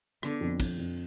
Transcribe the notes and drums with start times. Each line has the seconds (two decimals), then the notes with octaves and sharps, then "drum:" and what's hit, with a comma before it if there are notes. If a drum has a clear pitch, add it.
0.23 D3 B3, drum: rim click
0.41 F2
0.60 F2, drum: kick, cymbal
0.78 F2